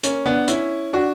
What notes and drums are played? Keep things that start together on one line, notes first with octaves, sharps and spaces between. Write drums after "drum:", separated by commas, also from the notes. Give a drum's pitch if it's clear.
A#3 C#4, drum: hi-hat
B3 D4
C#4 E4, drum: hi-hat
D4 F#4